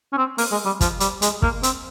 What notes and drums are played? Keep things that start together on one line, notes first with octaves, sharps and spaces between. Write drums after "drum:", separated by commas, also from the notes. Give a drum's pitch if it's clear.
C#4
C4
A#3, drum: open hi-hat
G#3
G3
F3, drum: kick, hi-hat
G3, drum: hi-hat
G#3, drum: hi-hat
A#3, drum: kick
C4, drum: hi-hat